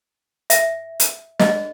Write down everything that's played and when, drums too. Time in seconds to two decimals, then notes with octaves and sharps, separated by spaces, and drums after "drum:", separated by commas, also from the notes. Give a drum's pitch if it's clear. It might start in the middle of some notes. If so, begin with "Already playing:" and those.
0.50 E5, drum: hi-hat
1.00 drum: hi-hat
1.39 D#5, drum: snare